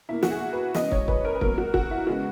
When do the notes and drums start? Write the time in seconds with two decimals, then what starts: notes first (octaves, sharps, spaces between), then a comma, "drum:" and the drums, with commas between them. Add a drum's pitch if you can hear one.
0.09 B2 A#3 E4
0.23 F#4, drum: snare
0.31 G#4
0.53 B4
0.74 C#3 G#3 B3 D#5, drum: snare
0.92 C#5, drum: kick
1.08 B4, drum: kick
1.25 A#4
1.35 B4
1.41 B2 F#3 A#3 A#4, drum: kick
1.58 F#4
1.74 F#4, drum: kick
1.91 E4
2.07 C#3 G#3 B3 F#4